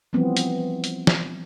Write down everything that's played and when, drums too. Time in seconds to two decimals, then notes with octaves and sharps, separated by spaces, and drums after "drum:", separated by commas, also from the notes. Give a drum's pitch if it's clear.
0.13 E3 F3 G3 B3 C4
0.37 drum: hi-hat
0.84 drum: hi-hat
1.07 drum: snare